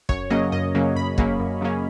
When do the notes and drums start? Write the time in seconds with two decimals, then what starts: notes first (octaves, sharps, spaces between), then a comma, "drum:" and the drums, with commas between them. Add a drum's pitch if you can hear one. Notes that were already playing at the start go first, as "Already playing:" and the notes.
0.09 F#2 C#5, drum: kick
0.30 C#3 F#3 A#3 C#4 D#5
0.52 F#2 D#5
0.75 C#3 F#3 A#3 C#4
0.95 F#2 B5
1.18 C#3 F#3 A#3 C#4, drum: kick
1.40 F#2
1.61 C#3 F#3 A#3 C#4